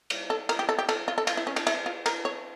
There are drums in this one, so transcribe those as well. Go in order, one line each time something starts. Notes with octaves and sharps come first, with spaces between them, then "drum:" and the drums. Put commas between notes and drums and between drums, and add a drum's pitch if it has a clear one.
drum: cymbal
A4
A#4, drum: cymbal
G4
A4
G4
A4, drum: cymbal
F4
A4
F4, drum: cymbal
E4
C#4
D4, drum: cymbal
E4, drum: cymbal
F4
A#4, drum: cymbal
C#5